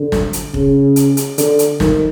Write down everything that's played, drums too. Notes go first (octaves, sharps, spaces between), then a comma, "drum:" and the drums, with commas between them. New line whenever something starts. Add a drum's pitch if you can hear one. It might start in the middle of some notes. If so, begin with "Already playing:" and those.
Already playing: D3
drum: snare
drum: hi-hat
C#3, drum: kick F1
drum: hi-hat
drum: hi-hat
D3, drum: hi-hat
drum: hi-hat
D#3, drum: snare